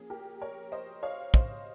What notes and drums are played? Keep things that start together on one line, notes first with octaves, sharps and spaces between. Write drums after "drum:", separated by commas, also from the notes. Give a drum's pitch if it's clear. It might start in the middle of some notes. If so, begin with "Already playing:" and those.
Already playing: F3 A#3 C#4 G#4
G4 A#4
A#4 C#5
C5 D#5
C#5 F5
C5 D#5, drum: kick